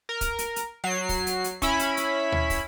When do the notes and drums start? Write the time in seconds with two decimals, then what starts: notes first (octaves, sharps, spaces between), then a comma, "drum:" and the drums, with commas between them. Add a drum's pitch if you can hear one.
0.09 A#4
0.21 drum: kick, hi-hat
0.39 drum: hi-hat
0.56 drum: hi-hat
0.84 F#3 C7
1.09 drum: kick, open hi-hat
1.27 drum: hi-hat
1.44 drum: hi-hat
1.62 C#4 E4 B5, drum: kick, hi-hat
1.79 drum: hi-hat
1.97 drum: hi-hat
2.32 drum: tom D2
2.50 drum: kick, open hi-hat